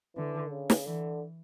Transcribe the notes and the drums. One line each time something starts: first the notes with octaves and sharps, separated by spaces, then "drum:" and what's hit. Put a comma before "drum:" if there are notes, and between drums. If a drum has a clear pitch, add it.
D3 E3
C#3
drum: snare
D3 E3